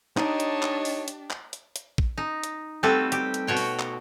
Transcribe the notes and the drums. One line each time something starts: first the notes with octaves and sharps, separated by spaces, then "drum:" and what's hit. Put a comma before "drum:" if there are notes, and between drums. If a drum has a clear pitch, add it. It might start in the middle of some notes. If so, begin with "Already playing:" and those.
D4 D#4 G4 C#5 D#5 A5, drum: clap
drum: hi-hat
drum: clap
drum: open hi-hat
drum: hi-hat
drum: clap
drum: hi-hat
drum: hi-hat
drum: kick
D#4
drum: hi-hat
G3 A3 C4 F#4 A4 B4
G4, drum: hi-hat
drum: hi-hat
B2 F#4 C#5 G5
drum: open hi-hat
drum: clap